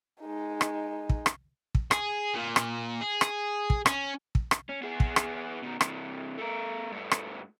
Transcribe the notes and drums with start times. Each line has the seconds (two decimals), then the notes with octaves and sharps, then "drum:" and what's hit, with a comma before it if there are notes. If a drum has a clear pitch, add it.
0.22 G#3 D#4
0.61 drum: rim click
1.10 drum: kick
1.26 drum: rim click
1.75 drum: kick
1.91 G#4, drum: rim click
2.34 A#2
2.56 drum: rim click
3.01 G#4
3.21 drum: rim click
3.70 drum: kick
3.86 C#4, drum: rim click
4.35 drum: kick
4.51 drum: rim click
4.69 C#4
4.82 B3 G#4
5.00 drum: kick
5.16 drum: rim click
5.62 B2 D#3
5.81 C3 E3, drum: rim click
6.38 A3 A#4
6.92 G2 A3
7.11 drum: rim click